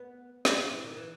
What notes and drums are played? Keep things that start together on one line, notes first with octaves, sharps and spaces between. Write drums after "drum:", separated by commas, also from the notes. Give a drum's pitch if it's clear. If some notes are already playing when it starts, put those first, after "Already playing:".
Already playing: B3
G3, drum: snare
F#3
E3
D#3
E3